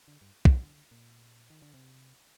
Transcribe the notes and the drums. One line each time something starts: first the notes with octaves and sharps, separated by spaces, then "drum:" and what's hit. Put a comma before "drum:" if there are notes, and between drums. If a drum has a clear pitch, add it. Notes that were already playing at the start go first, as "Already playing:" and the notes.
D3
G2
drum: kick
D3
A#2
D#3
D3
C3